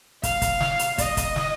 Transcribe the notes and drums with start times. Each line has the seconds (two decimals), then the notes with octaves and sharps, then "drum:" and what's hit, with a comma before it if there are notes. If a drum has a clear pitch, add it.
0.23 F5, drum: kick, hi-hat
0.42 drum: kick, hi-hat
0.60 drum: snare
0.79 drum: hi-hat
0.98 D#5, drum: kick, hi-hat
1.17 drum: kick, hi-hat
1.36 drum: snare